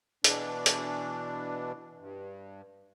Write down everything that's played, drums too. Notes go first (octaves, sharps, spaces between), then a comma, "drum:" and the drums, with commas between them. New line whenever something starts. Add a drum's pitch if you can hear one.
B2 E3 D4, drum: hi-hat
drum: hi-hat
G2